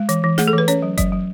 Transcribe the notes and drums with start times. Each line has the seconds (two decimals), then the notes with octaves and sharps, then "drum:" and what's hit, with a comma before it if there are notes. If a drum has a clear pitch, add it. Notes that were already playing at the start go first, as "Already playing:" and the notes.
Already playing: G#3
0.09 E3, drum: hi-hat
0.24 E3
0.38 A3 G#4, drum: snare
0.48 A4
0.53 E3 B4
0.68 C#4 C#5, drum: hi-hat
0.83 F#3
0.98 F#3 D5, drum: kick F#1, hi-hat
1.12 F#3